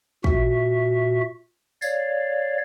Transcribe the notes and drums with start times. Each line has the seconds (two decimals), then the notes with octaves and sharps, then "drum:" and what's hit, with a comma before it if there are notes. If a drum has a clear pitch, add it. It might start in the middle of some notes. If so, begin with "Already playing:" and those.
0.24 A#2 F#4 E5, drum: kick
1.82 C#5 D5 F5, drum: tambourine